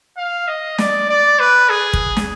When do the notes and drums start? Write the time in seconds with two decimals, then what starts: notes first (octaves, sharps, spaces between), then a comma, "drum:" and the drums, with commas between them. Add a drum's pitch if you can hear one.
0.17 F5
0.48 D#5
0.78 D5, drum: snare
1.09 D5
1.40 B4
1.70 G#4
1.93 drum: kick
2.17 drum: snare